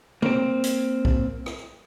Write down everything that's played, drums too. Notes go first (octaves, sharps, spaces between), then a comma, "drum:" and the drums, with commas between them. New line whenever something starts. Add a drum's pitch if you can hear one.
A#3 C4, drum: tom
drum: hi-hat
drum: kick B1
drum: rim click